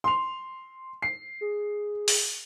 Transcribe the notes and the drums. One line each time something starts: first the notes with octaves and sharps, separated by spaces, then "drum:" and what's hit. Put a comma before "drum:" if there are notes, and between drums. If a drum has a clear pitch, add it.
C6 F7
C7
G#4
drum: open hi-hat